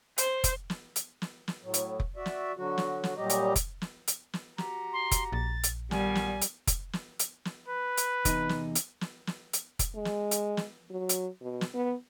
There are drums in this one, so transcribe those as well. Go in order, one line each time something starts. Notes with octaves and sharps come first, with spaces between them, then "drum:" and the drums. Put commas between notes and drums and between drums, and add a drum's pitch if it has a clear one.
C5, drum: hi-hat
drum: kick F1, hi-hat
drum: snare
drum: hi-hat
drum: snare
drum: snare
A2 F#3
drum: hi-hat
drum: kick F1
F#4 D5 E5
drum: snare
D3 F#3 F#4
drum: snare
drum: snare
A#2 F#3 G3 G4 D#5 A#5
drum: hi-hat
drum: kick F1, hi-hat
drum: snare
drum: hi-hat
drum: snare
F#4 G4 A#5, drum: snare
C6
drum: kick F1, hi-hat
A#1 A6
drum: hi-hat
A#2 D#3 G3 B3 G#5, drum: snare
drum: snare
drum: hi-hat
drum: kick F1, hi-hat
drum: snare
drum: hi-hat
drum: snare
B4
drum: hi-hat
E2 C3 D#4, drum: kick F1, hi-hat
drum: snare
drum: hi-hat
drum: snare
drum: snare
drum: hi-hat
drum: kick F1, hi-hat
G#3
drum: snare
drum: hi-hat
drum: snare
F#3
drum: hi-hat
B2
drum: snare
B3